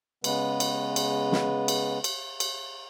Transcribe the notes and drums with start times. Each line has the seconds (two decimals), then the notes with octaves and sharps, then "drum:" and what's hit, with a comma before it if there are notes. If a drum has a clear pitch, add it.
0.24 C#3 G#3 B3 B4, drum: cymbal
0.60 drum: cymbal
0.96 drum: cymbal
1.32 drum: snare
1.68 drum: cymbal
2.04 drum: cymbal
2.40 drum: cymbal